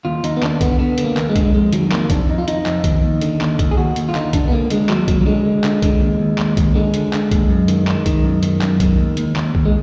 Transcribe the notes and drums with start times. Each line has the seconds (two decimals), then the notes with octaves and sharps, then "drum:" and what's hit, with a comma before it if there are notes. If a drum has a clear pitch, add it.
0.05 D#2 F4
0.24 D#2 D#4, drum: hi-hat
0.37 B3
0.42 D#2 D4, drum: clap
0.61 D3 B3, drum: kick B1, hi-hat
0.79 D3 B3
0.98 D3, drum: hi-hat
1.04 A#3
1.17 D#2, drum: clap
1.29 G#3
1.36 D3, drum: kick B1, hi-hat
1.54 F2 G#3
1.73 D#3 F#3, drum: hi-hat
1.91 F2 A#3, drum: clap
2.10 F2 D4, drum: kick B1, hi-hat
2.28 F2 D#4
2.38 F4
2.48 F2 D#4, drum: hi-hat
2.66 F2, drum: clap
2.84 D#3, drum: kick B1, hi-hat
3.03 D#2
3.21 D3, drum: hi-hat
3.41 D#2, drum: clap
3.59 D#2, drum: kick B1, hi-hat
3.71 G#4
3.77 D#2 F#4
3.96 D#2, drum: hi-hat
4.09 F4
4.15 D3 D#4, drum: clap
4.33 D3 D4, drum: kick B1, hi-hat
4.48 B3
4.52 D3 A#3
4.70 D3 G#3, drum: hi-hat
4.89 D#2 F#3, drum: clap
5.08 D#2 F#3, drum: kick B1, hi-hat
5.21 F#3
5.26 D3 G#3
5.45 D3
5.64 D3, drum: clap
5.82 D3, drum: kick B1, hi-hat
6.00 D#2
6.19 D#2
6.38 D#2, drum: clap
6.57 D#2, drum: kick B1, hi-hat
6.75 D3 G#3
6.94 D3, drum: hi-hat
7.13 D3, drum: clap
7.31 D#2, drum: kick B1, hi-hat
7.50 F#2
7.68 D#3, drum: hi-hat
7.87 D#3, drum: clap
8.06 D#3, drum: kick B1, hi-hat
8.24 F#2
8.43 D#3, drum: hi-hat
8.61 F#2, drum: clap
8.80 D#3, drum: kick B1, hi-hat
8.98 D#2
9.17 D#2, drum: hi-hat
9.36 D#2, drum: clap
9.55 D#2, drum: kick B1
9.65 G#3